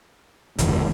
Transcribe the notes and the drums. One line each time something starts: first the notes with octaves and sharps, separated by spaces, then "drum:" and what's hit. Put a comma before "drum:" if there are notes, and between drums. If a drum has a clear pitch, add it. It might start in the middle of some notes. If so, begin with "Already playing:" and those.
F#1 E2 D3, drum: kick, hi-hat